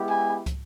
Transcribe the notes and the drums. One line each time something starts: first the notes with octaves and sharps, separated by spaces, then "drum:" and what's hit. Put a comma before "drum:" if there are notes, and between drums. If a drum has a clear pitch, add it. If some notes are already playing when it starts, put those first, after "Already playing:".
Already playing: G#3 B3 E4 G4
G#5
drum: kick, hi-hat